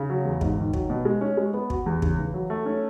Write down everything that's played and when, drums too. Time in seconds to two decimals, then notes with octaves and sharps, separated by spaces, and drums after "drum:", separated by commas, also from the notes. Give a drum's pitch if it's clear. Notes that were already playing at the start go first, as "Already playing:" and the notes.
Already playing: C#3
0.10 F#3
0.25 E2
0.41 G#2, drum: kick
0.57 D#3
0.73 F#3, drum: kick
0.90 B2
1.05 G#3
1.21 C#4
1.37 G#3
1.54 B3
1.70 F#4, drum: kick
1.86 E2
2.02 C#3, drum: kick
2.18 E3
2.34 F#3
2.50 A3
2.66 C#4